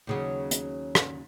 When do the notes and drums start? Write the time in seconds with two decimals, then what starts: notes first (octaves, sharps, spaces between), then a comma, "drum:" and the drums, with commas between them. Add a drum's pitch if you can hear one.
0.07 D#2 C#3 F#3
0.51 drum: hi-hat
0.95 drum: rim click